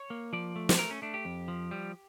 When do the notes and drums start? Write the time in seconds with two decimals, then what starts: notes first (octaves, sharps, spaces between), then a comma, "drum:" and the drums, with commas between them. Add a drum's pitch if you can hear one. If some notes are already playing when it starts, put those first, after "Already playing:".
Already playing: C#5
0.10 A#3
0.33 F3 D5
0.56 A3
0.69 drum: snare
0.79 A3 A#4
0.90 C#4
1.02 A3 D4
1.14 G4
1.25 F2
1.48 F3
1.71 G3